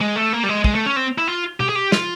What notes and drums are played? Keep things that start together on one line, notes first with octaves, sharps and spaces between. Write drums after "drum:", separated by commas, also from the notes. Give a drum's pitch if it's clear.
G#3
A3
A#3
G3
G#3
G#3, drum: kick
A3
C#4
C4
E4
F4
G4, drum: tom B2
G#4
G4
F4, drum: snare